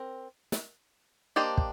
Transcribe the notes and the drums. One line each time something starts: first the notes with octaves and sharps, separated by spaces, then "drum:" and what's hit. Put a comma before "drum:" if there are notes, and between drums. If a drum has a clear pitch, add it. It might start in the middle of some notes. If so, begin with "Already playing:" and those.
Already playing: C4 A#4
drum: snare
A#3 D4 G4 C5 D#5
drum: kick